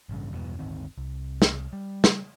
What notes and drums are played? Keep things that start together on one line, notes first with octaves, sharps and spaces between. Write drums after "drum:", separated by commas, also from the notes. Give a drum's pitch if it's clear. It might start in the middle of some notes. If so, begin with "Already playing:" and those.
A1 G2 C#3
E2 G2 B2
D1 G1 D#3 C4
C2
drum: snare
G3
drum: snare